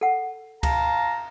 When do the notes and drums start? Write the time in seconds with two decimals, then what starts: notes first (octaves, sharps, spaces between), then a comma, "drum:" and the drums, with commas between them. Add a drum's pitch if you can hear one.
0.01 A4 F#5
0.63 F5 A5 A#5, drum: kick C#2, cymbal